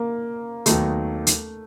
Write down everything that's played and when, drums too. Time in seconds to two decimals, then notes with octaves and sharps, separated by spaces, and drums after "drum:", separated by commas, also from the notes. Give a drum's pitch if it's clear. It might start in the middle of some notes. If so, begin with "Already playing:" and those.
Already playing: A#3
0.66 D#2 D#3 F#3 A3 B3 D#4, drum: hi-hat
1.27 drum: hi-hat